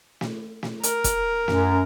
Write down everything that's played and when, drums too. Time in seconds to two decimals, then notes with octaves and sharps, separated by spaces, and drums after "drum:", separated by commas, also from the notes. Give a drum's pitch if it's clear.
0.21 drum: snare
0.63 drum: snare
0.83 A#4, drum: hi-hat
1.04 drum: kick, hi-hat
1.48 F#2, drum: snare